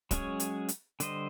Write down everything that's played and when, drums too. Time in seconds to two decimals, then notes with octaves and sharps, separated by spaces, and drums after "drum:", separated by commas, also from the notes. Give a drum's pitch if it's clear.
0.11 F#3 G#3 C#4 G#4 C#5, drum: kick, hi-hat
0.40 drum: hi-hat
0.69 drum: hi-hat
1.00 D3 G3 C5 D#5, drum: hi-hat